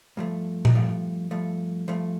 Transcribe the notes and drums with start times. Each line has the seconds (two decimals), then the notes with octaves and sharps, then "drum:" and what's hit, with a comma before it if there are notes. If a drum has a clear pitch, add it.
0.17 G2 F3 A3
0.65 drum: tom A#2
0.75 G2 F3 A3
1.31 G2 F3 A3
1.88 G2 F3 A3